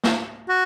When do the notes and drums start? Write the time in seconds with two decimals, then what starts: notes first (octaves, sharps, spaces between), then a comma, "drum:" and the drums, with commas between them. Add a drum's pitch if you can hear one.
0.04 drum: snare
0.49 F#4